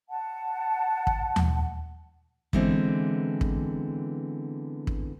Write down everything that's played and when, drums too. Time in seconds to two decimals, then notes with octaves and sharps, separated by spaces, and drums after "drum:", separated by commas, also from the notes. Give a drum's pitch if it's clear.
0.09 F#5 A5
1.07 drum: kick
1.36 drum: tom D#2
2.53 D3 E3 G#3 B3 C4, drum: kick
3.41 drum: kick
4.87 drum: kick